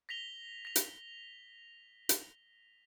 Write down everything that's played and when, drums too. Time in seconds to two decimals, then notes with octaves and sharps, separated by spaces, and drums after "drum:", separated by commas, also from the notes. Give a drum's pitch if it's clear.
0.09 A#6 B6 F7 G7
0.65 A#6 F7
0.76 drum: hi-hat
2.09 drum: hi-hat